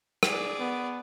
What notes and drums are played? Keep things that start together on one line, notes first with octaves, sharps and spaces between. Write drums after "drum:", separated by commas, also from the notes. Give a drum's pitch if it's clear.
G#4 D5, drum: rim click
B3